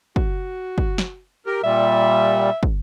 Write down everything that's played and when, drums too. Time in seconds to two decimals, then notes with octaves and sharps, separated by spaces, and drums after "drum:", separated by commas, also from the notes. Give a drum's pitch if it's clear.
0.16 F#4, drum: kick
0.78 drum: kick
0.98 drum: snare
1.46 G4 A#4
1.63 A#2 G3 E5
2.63 drum: kick